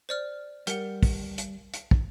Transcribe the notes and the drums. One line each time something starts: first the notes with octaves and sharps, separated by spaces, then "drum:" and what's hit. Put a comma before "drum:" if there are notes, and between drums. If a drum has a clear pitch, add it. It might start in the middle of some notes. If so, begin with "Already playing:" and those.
C5 D5 F6
G3 A#4 F#5, drum: hi-hat
drum: kick, open hi-hat
drum: hi-hat
drum: hi-hat
drum: kick